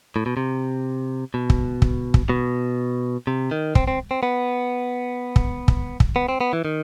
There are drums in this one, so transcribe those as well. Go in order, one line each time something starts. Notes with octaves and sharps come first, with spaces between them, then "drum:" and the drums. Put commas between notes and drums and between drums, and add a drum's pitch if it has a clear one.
A2
B2
C3
B2
drum: kick
drum: kick
drum: kick
B2
C3
D#3
C4, drum: kick
C4
C4
B3
drum: kick
drum: kick
drum: kick
B3
C4
B3
E3
D#3